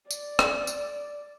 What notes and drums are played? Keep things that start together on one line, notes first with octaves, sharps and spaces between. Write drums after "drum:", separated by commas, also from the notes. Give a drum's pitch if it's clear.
D5, drum: tambourine
drum: rim click
drum: tambourine